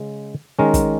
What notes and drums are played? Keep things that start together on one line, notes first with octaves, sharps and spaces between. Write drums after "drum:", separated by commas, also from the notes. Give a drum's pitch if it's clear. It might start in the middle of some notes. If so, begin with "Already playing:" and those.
Already playing: C#3 G#3
D#3 G#3 C#4 A#4
drum: kick, hi-hat